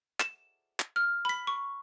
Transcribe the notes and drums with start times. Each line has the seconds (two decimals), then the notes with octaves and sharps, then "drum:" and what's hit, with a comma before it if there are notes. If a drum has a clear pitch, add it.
0.20 E7, drum: clap
0.80 drum: clap
0.96 F6
1.25 B5 B6
1.47 C#6